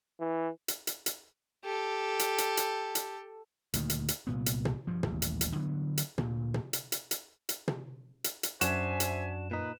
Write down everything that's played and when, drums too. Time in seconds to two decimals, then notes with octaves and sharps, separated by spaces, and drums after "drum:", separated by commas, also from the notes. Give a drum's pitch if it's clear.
0.20 E3
0.68 drum: hi-hat
0.87 drum: hi-hat
1.06 drum: hi-hat
1.64 G4 A4
2.19 drum: hi-hat
2.38 drum: hi-hat
2.57 drum: hi-hat
2.95 drum: hi-hat
3.74 D2 A#2 D#3, drum: hi-hat
3.90 drum: hi-hat
4.08 drum: hi-hat
4.27 C2 A#2 B3
4.46 drum: hi-hat
4.65 drum: tom
4.87 G2 F3
5.03 D#1 A1 F2, drum: tom
5.22 drum: hi-hat
5.41 drum: hi-hat
5.56 D3 E3 F#3 B3
5.97 drum: hi-hat
6.18 D2 A#2, drum: tom
6.54 drum: tom
6.73 drum: hi-hat
6.92 drum: hi-hat
7.11 drum: hi-hat
7.49 drum: hi-hat
7.68 drum: tom
8.24 drum: hi-hat
8.43 drum: hi-hat
8.61 F#2 D4 F#4 C5 E5 G#5 E7, drum: hi-hat
9.00 drum: hi-hat
9.51 A#2 D#4 B4